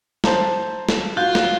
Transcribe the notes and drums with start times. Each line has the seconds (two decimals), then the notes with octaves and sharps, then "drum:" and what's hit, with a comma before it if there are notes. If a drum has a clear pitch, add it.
0.24 C5 A5 A#5, drum: snare
0.89 drum: snare
1.17 F4 F#4 F#6 G6
1.35 drum: snare